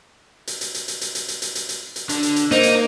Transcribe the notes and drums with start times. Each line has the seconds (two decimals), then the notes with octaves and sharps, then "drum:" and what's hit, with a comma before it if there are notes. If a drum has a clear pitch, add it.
0.47 drum: hi-hat
0.61 drum: hi-hat
0.74 drum: hi-hat
0.88 drum: hi-hat
1.01 drum: hi-hat
1.15 drum: hi-hat
1.28 drum: hi-hat
1.42 drum: hi-hat
1.55 drum: hi-hat
1.69 drum: hi-hat
1.96 drum: hi-hat
2.09 D3, drum: hi-hat
2.23 drum: hi-hat
2.36 drum: hi-hat
2.51 A#3 D#4 C5, drum: hi-hat
2.63 drum: hi-hat